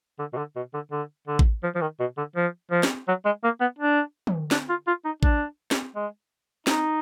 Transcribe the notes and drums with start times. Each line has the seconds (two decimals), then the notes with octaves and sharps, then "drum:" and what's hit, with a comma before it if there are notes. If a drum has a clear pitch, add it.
0.19 D3
0.33 B2
0.37 D3
0.56 B2
0.74 D3
0.91 D3
1.27 D3
1.39 drum: kick A1
1.63 F3
1.75 F3
1.81 D#3
2.00 B2
2.17 D3
2.36 F3
2.71 F3
2.83 drum: snare
3.08 F#3
3.25 G#3
3.44 A#3
3.61 B3
3.79 D4
4.27 drum: tom
4.51 D4, drum: snare
4.69 F4
4.87 F4
5.05 D#4
5.23 D4, drum: kick A1
5.71 drum: snare
5.95 G#3
6.67 D#4, drum: snare